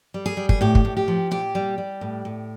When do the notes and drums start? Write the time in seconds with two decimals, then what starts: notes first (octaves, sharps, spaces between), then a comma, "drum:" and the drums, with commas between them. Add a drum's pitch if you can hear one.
0.14 G3
0.26 G#4
0.37 G3
0.49 G#4, drum: kick
0.61 A2 G4
0.75 drum: kick
0.85 A2
0.97 G4
1.08 F3
1.31 A#2 G4
1.55 G3
1.78 G3
2.01 A2
2.25 A2